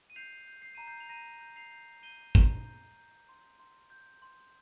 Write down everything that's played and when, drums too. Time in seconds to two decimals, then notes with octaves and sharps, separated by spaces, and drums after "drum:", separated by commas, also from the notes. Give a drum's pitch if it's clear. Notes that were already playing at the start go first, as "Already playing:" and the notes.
0.10 D#7
0.16 G6 C7 F7
0.47 G6
0.62 C7
0.75 A#5 D#7
0.87 G6 C7
1.00 F7
1.09 A#5 A#6 D#7
1.41 G6
1.56 C7 F7
1.72 G6
2.03 G6 D#7 G7
2.35 A#5, drum: kick
2.65 G6
2.97 G6
3.29 C6
3.59 C6
3.90 G6
4.22 C6